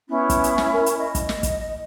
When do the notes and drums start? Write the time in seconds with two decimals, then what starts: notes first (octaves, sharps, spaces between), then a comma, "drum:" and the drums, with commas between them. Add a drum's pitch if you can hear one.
0.09 B3 C#4 E4
0.30 drum: kick, hi-hat
0.44 drum: hi-hat
0.58 drum: snare
0.72 A#4
0.86 drum: hi-hat
0.98 D#5
1.15 drum: kick, hi-hat
1.29 drum: snare
1.43 drum: kick, hi-hat